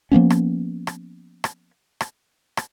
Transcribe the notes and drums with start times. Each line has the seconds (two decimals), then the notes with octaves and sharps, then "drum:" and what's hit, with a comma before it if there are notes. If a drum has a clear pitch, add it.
0.12 F3 A#3 B3 C#4
0.30 drum: rim click
0.87 drum: rim click
1.44 drum: rim click
2.01 drum: rim click
2.57 drum: rim click